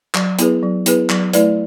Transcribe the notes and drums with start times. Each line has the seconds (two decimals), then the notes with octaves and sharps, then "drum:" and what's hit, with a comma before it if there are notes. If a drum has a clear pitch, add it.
0.15 F#3, drum: clap
0.39 B3 E4 G#4 B4, drum: hi-hat
0.63 F#3
0.86 B3 E4 G#4 B4, drum: hi-hat
1.10 F#3, drum: clap
1.33 A3 E4 B4 D5, drum: hi-hat